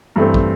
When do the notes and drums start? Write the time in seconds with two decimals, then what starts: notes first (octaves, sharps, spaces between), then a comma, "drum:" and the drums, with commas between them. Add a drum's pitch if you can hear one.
0.16 G2 E3 A3 C4
0.34 drum: kick